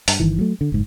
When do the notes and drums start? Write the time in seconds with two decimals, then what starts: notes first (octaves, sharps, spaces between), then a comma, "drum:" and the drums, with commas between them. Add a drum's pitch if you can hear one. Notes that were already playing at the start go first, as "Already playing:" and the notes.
0.08 G2, drum: open hi-hat
0.20 G1 D#3 E3
0.38 F#3 A3
0.61 D3
0.72 F#1 G#2